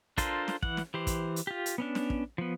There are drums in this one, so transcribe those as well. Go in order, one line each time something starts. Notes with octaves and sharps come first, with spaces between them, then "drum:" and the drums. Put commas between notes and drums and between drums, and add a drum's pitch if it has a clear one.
D4 F4 A4 A#4 C5, drum: kick, hi-hat
drum: snare
E3 F#5, drum: kick
drum: snare
E3 G4 C5
drum: kick, hi-hat
drum: hi-hat
F4 G4
drum: hi-hat
B3 C#4 D4
drum: snare
drum: kick
F3 B3